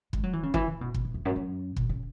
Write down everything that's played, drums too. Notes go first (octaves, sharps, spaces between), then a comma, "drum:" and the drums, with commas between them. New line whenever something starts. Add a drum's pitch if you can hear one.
G#3, drum: kick
F#3
E3
C#3
E3, drum: kick
C#3
B2
B2, drum: kick
E3
E2
F#2
F#2
B2, drum: kick
C#3